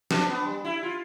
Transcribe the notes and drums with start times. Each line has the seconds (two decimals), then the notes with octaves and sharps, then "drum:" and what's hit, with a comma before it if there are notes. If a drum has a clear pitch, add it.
0.11 D4, drum: snare
0.29 B3
0.45 G3
0.64 E4
0.83 F4